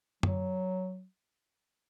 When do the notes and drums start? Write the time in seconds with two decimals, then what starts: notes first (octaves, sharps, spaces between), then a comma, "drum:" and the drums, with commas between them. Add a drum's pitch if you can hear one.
0.23 F#3, drum: tom F#2